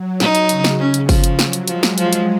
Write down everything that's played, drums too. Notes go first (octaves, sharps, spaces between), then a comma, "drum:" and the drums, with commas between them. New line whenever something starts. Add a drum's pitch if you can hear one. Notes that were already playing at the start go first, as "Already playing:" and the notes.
Already playing: F#3
D#4, drum: snare
drum: hi-hat
C#3, drum: hi-hat
drum: snare
C#3 C#4
drum: hi-hat
F3, drum: kick G1, open hi-hat
drum: hi-hat
F#3, drum: snare
drum: hi-hat
F3 G#3, drum: hi-hat
drum: snare
F3, drum: hi-hat
drum: hi-hat